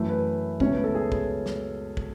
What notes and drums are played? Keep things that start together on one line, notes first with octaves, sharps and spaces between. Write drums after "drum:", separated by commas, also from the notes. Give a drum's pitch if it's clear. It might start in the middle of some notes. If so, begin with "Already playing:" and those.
Already playing: F#2 E3 A3
B4
C#2 B2 A3 C#4 C#5, drum: kick
B4
A4
G#4
drum: kick
drum: snare
drum: kick